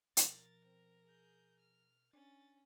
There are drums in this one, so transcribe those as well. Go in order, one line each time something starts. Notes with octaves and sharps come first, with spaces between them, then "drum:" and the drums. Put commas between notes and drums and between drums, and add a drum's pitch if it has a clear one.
B2 F3 A#4 A6, drum: hi-hat
C4
G#4 G6
F6
C#4 D4 A6